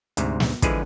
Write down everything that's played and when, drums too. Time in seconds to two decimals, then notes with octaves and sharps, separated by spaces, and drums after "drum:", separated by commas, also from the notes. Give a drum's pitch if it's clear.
0.17 D2 G#2 C3, drum: hi-hat
0.40 drum: snare
0.62 D3 E3 F3 G#3 G#4 B4, drum: kick, hi-hat